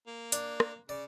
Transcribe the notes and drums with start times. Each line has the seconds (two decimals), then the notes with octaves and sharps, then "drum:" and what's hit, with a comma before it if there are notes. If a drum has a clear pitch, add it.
0.07 A#3
0.32 D4, drum: hi-hat
0.60 drum: rim click
0.89 C#3 D5